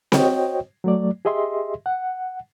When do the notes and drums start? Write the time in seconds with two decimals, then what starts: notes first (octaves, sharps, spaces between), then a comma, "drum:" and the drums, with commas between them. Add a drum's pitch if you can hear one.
0.12 F#4 C5 C#5 D#5 G5, drum: snare C4
0.84 F#3 A3 D5
1.25 G4 G#4 D#5 E5 C6
1.86 F#5